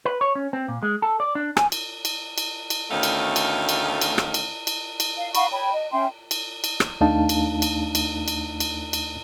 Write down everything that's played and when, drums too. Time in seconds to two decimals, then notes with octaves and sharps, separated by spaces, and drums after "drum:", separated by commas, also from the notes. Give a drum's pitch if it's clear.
0.05 B4
0.21 C#5
0.35 C#4
0.53 C4
0.68 A#2
0.83 G#3
1.02 A4
1.20 D5
1.35 D4
1.57 G#5, drum: rim click
1.72 drum: cymbal
2.05 drum: cymbal
2.38 drum: cymbal
2.70 drum: cymbal
2.91 D2 B2 D#3 A3 C#4 F5
3.03 drum: cymbal
3.36 drum: cymbal
3.69 drum: cymbal
4.01 drum: cymbal
4.18 drum: rim click
4.34 drum: cymbal
4.67 drum: cymbal
5.00 drum: cymbal
5.16 F5
5.35 F5 F#5 B5 C#6, drum: cymbal
5.52 C#5 G5 B5
5.72 D#5
5.93 C#4 E5 G5 C6
6.31 drum: cymbal
6.64 drum: cymbal
6.80 drum: rim click
7.01 D#2 A3 D4 D#4 F5 A5
7.29 drum: cymbal
7.62 drum: cymbal
7.95 drum: cymbal
8.28 drum: cymbal
8.60 drum: cymbal
8.93 drum: cymbal